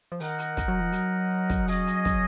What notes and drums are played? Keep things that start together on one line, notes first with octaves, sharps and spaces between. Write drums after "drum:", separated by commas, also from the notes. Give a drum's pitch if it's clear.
F3
D#3 D#4 A#4 D#5 F#5, drum: open hi-hat
drum: hi-hat
drum: kick, hi-hat
F#3
F3
F#3, drum: hi-hat
drum: kick, hi-hat
C#4 G#4 D#5, drum: open hi-hat
drum: hi-hat
drum: kick, hi-hat